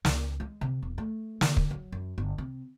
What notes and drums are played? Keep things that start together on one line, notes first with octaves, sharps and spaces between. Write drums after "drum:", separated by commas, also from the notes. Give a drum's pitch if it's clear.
C#2, drum: snare
G#3
C3
E1
A3
D3, drum: snare
drum: kick
F#3
F#2
G1
C3